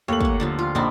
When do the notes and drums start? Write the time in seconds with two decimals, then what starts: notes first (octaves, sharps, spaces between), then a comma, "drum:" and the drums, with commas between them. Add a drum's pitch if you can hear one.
0.08 D#2 A3 C#5 F#7
0.21 A#3 F#5, drum: kick
0.40 D3 F3 B3
0.59 F4
0.75 A#1 C4 D4 D#4 B5